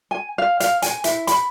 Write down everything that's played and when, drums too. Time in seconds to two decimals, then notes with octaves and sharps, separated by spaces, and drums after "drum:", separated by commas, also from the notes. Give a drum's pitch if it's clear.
0.11 G#5
0.38 F5
0.60 F5, drum: hi-hat
0.82 G#5, drum: hi-hat
1.04 E4, drum: hi-hat
1.27 B5, drum: hi-hat